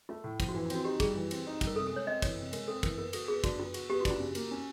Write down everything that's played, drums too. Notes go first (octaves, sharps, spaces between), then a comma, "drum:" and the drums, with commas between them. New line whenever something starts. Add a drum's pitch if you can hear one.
A3 F4
A2
F3, drum: kick, cymbal
F#4
E3 F4
F4
C4 F#4, drum: cymbal
D#4 G4
G3 G#4, drum: kick, cymbal
E3
C4, drum: cymbal
D#4
G3, drum: kick, cymbal
A#4
C3 A4
A4
G#3 C#5
C4 D#5
E3 C#5, drum: kick, cymbal
C3
G#3 A#4, drum: cymbal
C4 A4
E3 A#4, drum: kick, cymbal
B3 A#4
F#4 A4, drum: cymbal
B3 G#4
D4 F#4, drum: kick, cymbal
B3 F4
F#4, drum: cymbal
B3 G4
F#4
D4, drum: kick, cymbal
F4
C#3
A#3, drum: cymbal
C#4